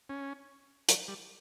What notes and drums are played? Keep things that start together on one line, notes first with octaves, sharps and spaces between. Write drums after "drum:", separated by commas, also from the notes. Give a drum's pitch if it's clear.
C#4
F#3, drum: hi-hat
G3